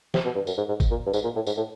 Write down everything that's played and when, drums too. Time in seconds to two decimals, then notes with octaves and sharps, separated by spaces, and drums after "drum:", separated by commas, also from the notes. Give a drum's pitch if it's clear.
0.14 C3, drum: snare
0.25 B2
0.35 G2
0.47 F#2, drum: tambourine
0.58 G#2
0.69 G#2
0.80 drum: kick, tambourine
0.91 A#2
1.06 G2
1.13 G#2, drum: tambourine
1.24 A#2
1.36 A2
1.47 G#2, drum: tambourine
1.57 A2